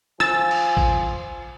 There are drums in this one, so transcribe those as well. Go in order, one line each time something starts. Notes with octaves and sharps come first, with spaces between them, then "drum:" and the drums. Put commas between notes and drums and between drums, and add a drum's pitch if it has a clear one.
F3 G#5 E6 A6, drum: rim click
drum: cymbal
drum: kick